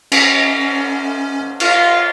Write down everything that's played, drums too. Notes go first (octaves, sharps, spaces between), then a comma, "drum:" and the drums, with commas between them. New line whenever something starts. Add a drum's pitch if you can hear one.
C#4, drum: cymbal
F4, drum: cymbal